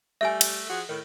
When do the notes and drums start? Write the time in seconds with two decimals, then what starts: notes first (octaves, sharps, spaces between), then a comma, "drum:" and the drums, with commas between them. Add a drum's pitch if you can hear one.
0.21 G3 A3 E5 G#5
0.41 drum: cymbal
0.69 F3 F#4 G#4
0.89 A2 D#3